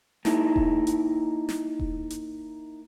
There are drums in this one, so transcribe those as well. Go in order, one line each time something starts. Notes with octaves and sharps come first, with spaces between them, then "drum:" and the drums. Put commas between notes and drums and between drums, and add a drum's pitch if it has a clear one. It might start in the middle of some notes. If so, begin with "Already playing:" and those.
A#3 D#4 E4, drum: snare
drum: kick E1
drum: hi-hat
drum: snare
drum: kick E1
drum: hi-hat